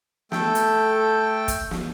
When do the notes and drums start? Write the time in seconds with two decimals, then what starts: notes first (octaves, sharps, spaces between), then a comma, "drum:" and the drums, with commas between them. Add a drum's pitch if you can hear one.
0.32 A3 A4 G5, drum: snare
0.55 drum: hi-hat
1.48 drum: kick, hi-hat
1.71 drum: snare